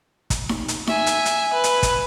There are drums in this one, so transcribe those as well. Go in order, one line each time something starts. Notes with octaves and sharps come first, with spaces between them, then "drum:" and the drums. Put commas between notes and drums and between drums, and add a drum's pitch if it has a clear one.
drum: kick, hi-hat
drum: snare D#4
drum: hi-hat
E5 G#5, drum: snare D#4
drum: hi-hat
drum: hi-hat
B4
drum: hi-hat
drum: kick, hi-hat